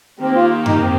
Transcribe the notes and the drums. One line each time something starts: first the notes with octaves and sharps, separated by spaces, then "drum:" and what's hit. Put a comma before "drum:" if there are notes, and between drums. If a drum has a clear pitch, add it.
D#3 A#3 C4 G4
F4
D#4, drum: tom F#2
C4